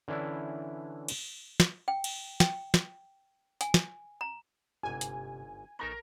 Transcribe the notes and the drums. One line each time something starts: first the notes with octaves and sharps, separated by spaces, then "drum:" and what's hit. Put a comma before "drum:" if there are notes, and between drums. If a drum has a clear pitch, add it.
D3 E3 C#4 D4 E4
drum: cymbal
drum: snare
G5
drum: cymbal
G5, drum: snare
drum: snare
G#5, drum: hi-hat
drum: snare
A#5
G1 G#2 C3 G4 G#5
drum: hi-hat
A#1 B3 D#4 A4 A#4 A#5 C#6